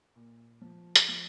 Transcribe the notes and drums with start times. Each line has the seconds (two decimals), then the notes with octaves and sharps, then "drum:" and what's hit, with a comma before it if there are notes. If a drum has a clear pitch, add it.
0.16 A#2
0.61 F3
0.96 drum: hi-hat
1.09 F3